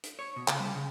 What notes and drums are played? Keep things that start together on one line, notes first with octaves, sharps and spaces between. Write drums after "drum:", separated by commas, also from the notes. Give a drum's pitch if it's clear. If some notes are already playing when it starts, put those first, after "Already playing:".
drum: hi-hat
C#5
B2
C#3, drum: clap
G3
C#3